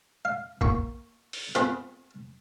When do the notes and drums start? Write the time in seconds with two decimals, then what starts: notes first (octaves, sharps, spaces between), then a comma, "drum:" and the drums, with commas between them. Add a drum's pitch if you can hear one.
0.25 F5
0.61 A#3 G5 C#6, drum: kick
1.33 drum: open hi-hat
1.55 B3 C4 F4 G#4 B4 C5, drum: hi-hat